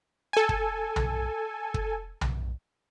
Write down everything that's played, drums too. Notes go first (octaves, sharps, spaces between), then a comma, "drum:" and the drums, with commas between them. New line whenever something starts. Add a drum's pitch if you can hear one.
A4 G#5
drum: kick
drum: tom B1
drum: kick
drum: tom B1